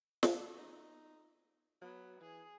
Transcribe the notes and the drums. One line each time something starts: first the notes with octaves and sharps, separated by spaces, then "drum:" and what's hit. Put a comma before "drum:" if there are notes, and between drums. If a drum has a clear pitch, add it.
A4, drum: snare
D#4
F#3 B3
E3 G#4